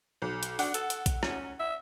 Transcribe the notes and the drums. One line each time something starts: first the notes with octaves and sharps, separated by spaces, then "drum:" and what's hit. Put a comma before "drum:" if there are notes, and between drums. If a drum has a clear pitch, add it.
B1
drum: hi-hat
D4 F#5, drum: open hi-hat
A4, drum: hi-hat
drum: hi-hat
drum: kick A#1, hi-hat
C#4, drum: rim click
E5